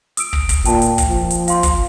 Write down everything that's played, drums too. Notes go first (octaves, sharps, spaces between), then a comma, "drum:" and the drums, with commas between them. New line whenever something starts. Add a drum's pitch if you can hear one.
D#6 E6 D7, drum: hi-hat
drum: kick
drum: kick, hi-hat
A#2 G5 A5, drum: hi-hat
drum: hi-hat
drum: kick, hi-hat
F3
drum: hi-hat
F5 C6, drum: hi-hat
drum: kick, hi-hat